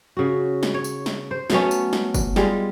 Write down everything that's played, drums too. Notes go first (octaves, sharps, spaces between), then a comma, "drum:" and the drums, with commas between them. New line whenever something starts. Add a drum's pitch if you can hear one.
C#3 F#4
drum: snare
C#5
drum: tambourine
drum: snare
C5
F#3 A3 B3 C#4, drum: snare
drum: tambourine
drum: snare
drum: kick F#1, tambourine
G3 G#3 F4, drum: snare